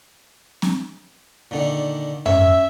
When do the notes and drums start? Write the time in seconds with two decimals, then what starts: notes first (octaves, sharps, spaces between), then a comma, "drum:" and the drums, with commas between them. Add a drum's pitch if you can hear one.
0.62 drum: snare C4
1.51 A#2 D3 D#3
2.26 C#4 E5, drum: tom F#2